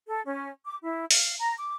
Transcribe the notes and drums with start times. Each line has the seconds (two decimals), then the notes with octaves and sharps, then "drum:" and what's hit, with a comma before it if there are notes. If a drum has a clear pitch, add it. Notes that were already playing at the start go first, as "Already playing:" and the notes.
0.07 A4
0.25 C#4
0.64 D6
0.82 E4
1.11 F5, drum: open hi-hat
1.38 A#5
1.58 D6